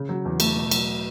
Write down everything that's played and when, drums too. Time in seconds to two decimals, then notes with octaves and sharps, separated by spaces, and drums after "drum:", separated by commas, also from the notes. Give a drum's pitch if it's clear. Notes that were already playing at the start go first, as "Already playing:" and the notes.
Already playing: C#3
0.09 F#3
0.25 E2
0.40 A3, drum: cymbal
0.56 B2
0.71 F#3, drum: cymbal